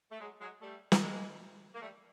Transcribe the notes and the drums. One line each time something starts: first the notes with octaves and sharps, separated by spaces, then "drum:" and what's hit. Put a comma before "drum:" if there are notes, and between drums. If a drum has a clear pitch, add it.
A3
F#3 G#3
F#3 G#3
G3 A3
drum: snare
G#3 A#3
A#3
G3 A3